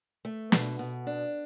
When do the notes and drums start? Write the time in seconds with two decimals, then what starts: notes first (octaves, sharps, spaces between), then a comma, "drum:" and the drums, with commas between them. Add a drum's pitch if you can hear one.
0.25 A3
0.52 B2, drum: snare
0.79 B2
1.07 D4